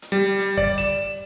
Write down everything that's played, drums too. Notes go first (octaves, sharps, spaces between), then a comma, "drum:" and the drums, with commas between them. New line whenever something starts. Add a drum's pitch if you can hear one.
drum: hi-hat
G3
drum: hi-hat
D5, drum: kick
E7, drum: hi-hat